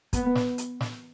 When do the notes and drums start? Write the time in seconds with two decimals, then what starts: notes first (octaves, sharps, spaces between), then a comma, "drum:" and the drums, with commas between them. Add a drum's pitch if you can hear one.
0.13 B3, drum: kick, hi-hat
0.35 drum: snare
0.58 drum: hi-hat
0.81 drum: snare